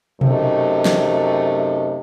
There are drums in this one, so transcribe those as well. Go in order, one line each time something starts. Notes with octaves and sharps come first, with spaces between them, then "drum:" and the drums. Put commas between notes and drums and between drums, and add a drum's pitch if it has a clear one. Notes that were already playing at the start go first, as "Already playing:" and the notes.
F#2 C3 A3 D#4, drum: tom B2
drum: snare